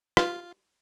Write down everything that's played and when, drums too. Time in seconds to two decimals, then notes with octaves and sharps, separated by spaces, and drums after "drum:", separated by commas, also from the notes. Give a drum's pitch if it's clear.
0.17 F4 F5, drum: rim click